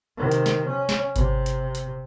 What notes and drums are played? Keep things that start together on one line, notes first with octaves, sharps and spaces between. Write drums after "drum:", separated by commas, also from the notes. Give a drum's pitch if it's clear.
C3 D#3
drum: hi-hat
drum: snare
C#4
drum: snare
C3, drum: kick G#1, hi-hat
drum: hi-hat
drum: hi-hat